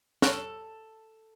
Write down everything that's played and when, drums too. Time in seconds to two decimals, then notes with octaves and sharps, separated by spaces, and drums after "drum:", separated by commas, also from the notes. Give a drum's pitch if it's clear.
0.22 A4 C#6 F6 F#6, drum: snare